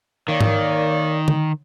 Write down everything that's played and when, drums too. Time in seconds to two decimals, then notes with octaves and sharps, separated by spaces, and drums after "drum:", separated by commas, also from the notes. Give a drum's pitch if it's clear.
0.28 D#3 A#3 C#5 D5
0.41 drum: tom G#2
1.28 drum: tom D3